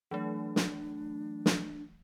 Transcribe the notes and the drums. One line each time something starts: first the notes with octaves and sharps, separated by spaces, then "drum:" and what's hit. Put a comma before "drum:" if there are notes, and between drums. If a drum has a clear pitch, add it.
E3 F#3 A3 D4
drum: snare
drum: snare